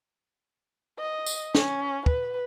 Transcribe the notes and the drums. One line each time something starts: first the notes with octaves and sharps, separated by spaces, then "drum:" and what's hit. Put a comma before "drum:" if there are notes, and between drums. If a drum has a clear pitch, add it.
D#5
drum: tambourine
C#4, drum: snare
B4, drum: kick